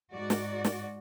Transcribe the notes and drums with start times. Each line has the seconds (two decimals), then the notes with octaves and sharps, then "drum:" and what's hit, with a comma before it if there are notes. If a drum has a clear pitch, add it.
0.13 G#2 F#4 D5
0.30 drum: snare
0.65 drum: snare